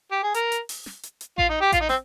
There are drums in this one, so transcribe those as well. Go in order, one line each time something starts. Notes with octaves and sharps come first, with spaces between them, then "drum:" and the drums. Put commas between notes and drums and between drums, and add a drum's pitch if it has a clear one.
G4
G#4
A#4, drum: hi-hat
drum: hi-hat
drum: open hi-hat
drum: snare
drum: hi-hat
drum: hi-hat
F4, drum: kick A1
D#4
G4
F4, drum: kick A1, hi-hat
D#4
C4, drum: snare